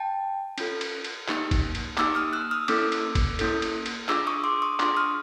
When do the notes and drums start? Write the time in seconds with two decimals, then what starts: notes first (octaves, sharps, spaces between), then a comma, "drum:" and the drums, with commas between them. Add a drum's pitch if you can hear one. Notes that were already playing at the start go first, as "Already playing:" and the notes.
Already playing: G5 A5
0.58 C#4 F4 A4, drum: cymbal
0.81 drum: cymbal
1.04 drum: cymbal
1.28 A#3 D#4 G4, drum: clap
1.51 drum: kick F#1, cymbal
1.75 drum: cymbal
1.98 A#3 D#4 G4 D6 E6, drum: clap
2.15 D#6 F6
2.33 E6 F#6
2.51 D#6 F6
2.68 A#3 C#4 E4 A4 D6 E6, drum: cymbal
2.92 drum: cymbal
3.15 drum: kick F#1, cymbal
3.39 A#3 C#4 E4 A4, drum: cymbal
3.62 drum: cymbal
3.86 drum: cymbal
4.09 D4 F4 G#4 D6 E6, drum: clap
4.27 C#6 D#6
4.44 C6 D6
4.62 C#6 D#6
4.80 D4 F4 G#4 C6 D6, drum: clap
4.97 D#6 F6